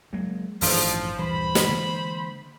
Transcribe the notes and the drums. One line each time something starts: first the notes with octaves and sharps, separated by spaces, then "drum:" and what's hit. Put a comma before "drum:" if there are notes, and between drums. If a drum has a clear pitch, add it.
F#3 G#3 A#3
A1 G2 D#3 F3 D4, drum: open hi-hat
D#1 G2 E3 C5 B5
drum: snare
D3 G#3 A#3